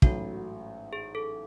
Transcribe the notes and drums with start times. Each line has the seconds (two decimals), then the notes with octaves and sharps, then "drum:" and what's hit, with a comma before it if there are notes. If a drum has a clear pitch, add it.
0.02 A1 G#2 F#3 A3 C#4 F#4, drum: kick
0.93 G#4
1.15 A4